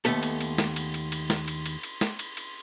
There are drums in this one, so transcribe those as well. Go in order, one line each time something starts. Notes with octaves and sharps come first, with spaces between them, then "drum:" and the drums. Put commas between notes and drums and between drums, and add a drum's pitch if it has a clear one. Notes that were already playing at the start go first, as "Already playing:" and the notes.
D#2 A3 B3 A4, drum: cymbal
drum: cymbal
drum: cymbal
drum: snare
drum: cymbal
drum: cymbal
drum: cymbal
drum: snare
drum: cymbal
drum: cymbal
drum: cymbal
drum: snare
drum: cymbal
drum: cymbal